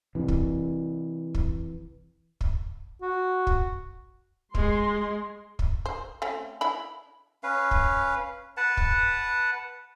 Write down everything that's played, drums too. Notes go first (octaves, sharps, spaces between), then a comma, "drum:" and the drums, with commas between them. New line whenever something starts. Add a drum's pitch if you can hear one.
C3 E3
drum: kick
drum: kick
drum: kick
F#4
drum: kick
G#3 C6, drum: kick
drum: kick
C5
A3 C4 C#4
E3 E4 B5
C#4 B4 F5
drum: kick
B4 F#5 A5
drum: kick